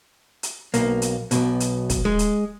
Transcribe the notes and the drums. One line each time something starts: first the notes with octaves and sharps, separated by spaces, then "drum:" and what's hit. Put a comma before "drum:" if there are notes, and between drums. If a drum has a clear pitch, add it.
drum: hi-hat
B1 A#3, drum: hi-hat
drum: hi-hat
B1 F2 B2, drum: hi-hat
drum: hi-hat
drum: kick, hi-hat
G#3
drum: hi-hat